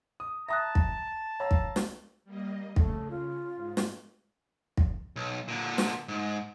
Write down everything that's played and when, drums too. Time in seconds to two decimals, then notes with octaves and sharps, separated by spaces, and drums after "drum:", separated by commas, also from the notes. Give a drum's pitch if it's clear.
0.20 D#6
0.49 E5 A5 A#5 D#6 F#6 A#6
0.75 drum: kick
1.40 C#5 F5 A#5 E6
1.51 drum: kick
1.76 drum: snare
2.24 G3 A#3 D#5
2.76 C#3 A3, drum: kick
3.10 F4
3.56 G#2
3.77 drum: snare
4.77 drum: kick
5.16 B1
5.48 A#2 D3
5.78 drum: snare
6.08 G#2